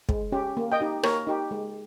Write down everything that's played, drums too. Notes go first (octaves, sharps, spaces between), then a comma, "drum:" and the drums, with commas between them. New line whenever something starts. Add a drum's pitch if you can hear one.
G#3, drum: kick
C#4 G4
A#3
D#5 G5
D#4 G4
A#3 A#4 C#5, drum: rim click
D#4 G4
G#3